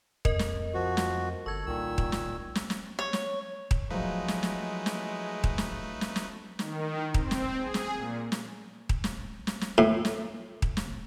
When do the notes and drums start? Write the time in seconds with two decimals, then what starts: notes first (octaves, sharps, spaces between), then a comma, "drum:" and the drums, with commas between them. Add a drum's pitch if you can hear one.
0.25 F2 A#4 D#5, drum: kick D#1
0.39 drum: snare
0.74 F3 F#4
0.97 drum: snare
1.46 G1 A4 C#6 G#6
1.66 C2 A#2 D#3 E6
1.98 drum: kick D#1
2.12 drum: snare
2.55 drum: snare
2.70 drum: snare
2.99 C#5
3.13 drum: snare
3.71 drum: kick D#1
3.90 F3 F#3 G#3 A3 D#4 B4
4.28 drum: snare
4.43 drum: snare
4.86 drum: snare
5.44 drum: kick D#1
5.58 drum: snare
6.01 drum: snare
6.16 drum: snare
6.59 D#3, drum: snare
7.14 C4, drum: kick D#1
7.31 drum: snare
7.58 G#4
7.74 drum: snare
7.93 A#2
8.32 drum: snare
8.89 drum: kick D#1
9.04 drum: snare
9.47 drum: snare
9.61 drum: snare
9.78 A2
10.05 drum: snare
10.62 drum: kick D#1
10.77 drum: snare